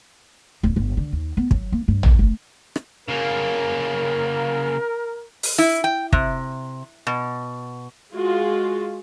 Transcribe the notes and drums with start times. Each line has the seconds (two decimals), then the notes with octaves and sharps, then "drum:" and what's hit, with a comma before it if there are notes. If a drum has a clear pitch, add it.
0.63 D1
0.76 G1
0.97 D3
1.12 D#2
1.37 B3
1.51 F#3, drum: kick
1.72 A#3
1.88 G2
2.03 D#2, drum: tom
2.19 A3
2.76 drum: rim click
3.08 C#3 A#3 A#4
5.43 drum: open hi-hat
5.58 E4
5.84 G5
6.13 C3, drum: kick
7.07 B2
8.14 G#3 F4 F#4 G#4